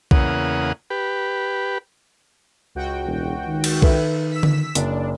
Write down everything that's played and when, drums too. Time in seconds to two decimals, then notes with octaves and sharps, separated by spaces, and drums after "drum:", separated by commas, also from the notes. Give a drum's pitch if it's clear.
0.11 E2 C#3 A#3 F#5 D#6, drum: kick B1
0.90 G4 B4
2.75 C#2 F#4 G5
3.06 E1
3.48 D#3
3.64 drum: cymbal
3.82 A4 B4 E5, drum: kick B1
4.31 E6 B6
4.43 drum: tom D3
4.75 F#1 D4, drum: hi-hat